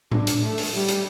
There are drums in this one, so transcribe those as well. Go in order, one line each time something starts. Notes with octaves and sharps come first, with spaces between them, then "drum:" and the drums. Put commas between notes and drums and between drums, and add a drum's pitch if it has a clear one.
D4, drum: tom A2
drum: hi-hat
A3
drum: open hi-hat
G3
drum: hi-hat